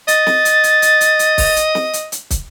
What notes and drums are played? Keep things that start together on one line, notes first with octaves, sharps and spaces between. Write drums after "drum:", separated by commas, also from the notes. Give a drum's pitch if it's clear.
D#5 A6, drum: hi-hat
drum: snare
drum: hi-hat
drum: hi-hat
drum: hi-hat
drum: hi-hat
drum: hi-hat
drum: kick, open hi-hat
drum: hi-hat
drum: snare
drum: hi-hat
drum: hi-hat
drum: kick, hi-hat